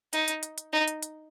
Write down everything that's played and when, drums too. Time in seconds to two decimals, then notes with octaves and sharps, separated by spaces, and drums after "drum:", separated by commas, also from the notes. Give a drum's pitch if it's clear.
0.13 D#4, drum: hi-hat
0.28 drum: hi-hat
0.43 drum: hi-hat
0.58 drum: hi-hat
0.73 D#4
0.88 drum: hi-hat
1.03 drum: hi-hat